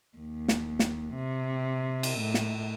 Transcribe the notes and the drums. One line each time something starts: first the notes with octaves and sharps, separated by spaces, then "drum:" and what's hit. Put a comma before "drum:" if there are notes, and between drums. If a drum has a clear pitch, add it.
D#2
drum: snare
drum: snare
C3
drum: cymbal
A2
drum: snare